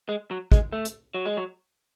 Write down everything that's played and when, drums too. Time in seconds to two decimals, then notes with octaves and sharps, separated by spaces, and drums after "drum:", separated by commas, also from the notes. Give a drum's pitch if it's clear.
0.09 G#3
0.31 F#3
0.52 G#3, drum: kick
0.73 A3
0.85 drum: hi-hat
1.14 F#3
1.25 G#3
1.37 F#3